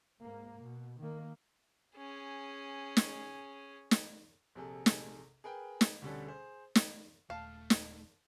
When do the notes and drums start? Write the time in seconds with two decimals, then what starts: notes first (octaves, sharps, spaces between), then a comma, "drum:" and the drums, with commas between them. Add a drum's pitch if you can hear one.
0.23 G#2 A#3
0.60 B2
1.00 D#3 A#3
1.96 C#4 G#4
2.97 drum: snare
3.91 drum: snare
4.55 A#1 C3 G#4 A4
4.86 drum: snare
5.44 G#4 A#4 B4 G5
5.81 drum: snare
6.02 D2 B2 D3 G3 C#4 A4
6.27 G#4 C5
6.75 drum: snare
7.30 D#1 C#2 A3 F5 A5
7.70 drum: snare